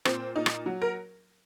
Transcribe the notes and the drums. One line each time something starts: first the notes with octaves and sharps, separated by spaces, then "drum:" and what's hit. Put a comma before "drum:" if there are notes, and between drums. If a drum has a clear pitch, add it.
A#2 C4, drum: rim click
A#2 D#4
drum: rim click
F#3
A#4